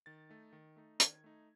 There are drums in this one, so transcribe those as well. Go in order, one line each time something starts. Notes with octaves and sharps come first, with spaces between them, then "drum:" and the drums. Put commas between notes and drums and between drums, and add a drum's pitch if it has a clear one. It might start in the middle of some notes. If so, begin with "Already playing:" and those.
D#3 A6
A3 D#4
D#3
A3 D#4
D#3 G#6, drum: hi-hat
A3 D#4